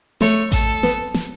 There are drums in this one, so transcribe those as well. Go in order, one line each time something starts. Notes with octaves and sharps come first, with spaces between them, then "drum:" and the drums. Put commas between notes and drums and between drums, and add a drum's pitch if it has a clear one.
A3 C#5, drum: snare
A4, drum: kick A1, hi-hat
B3, drum: snare
drum: snare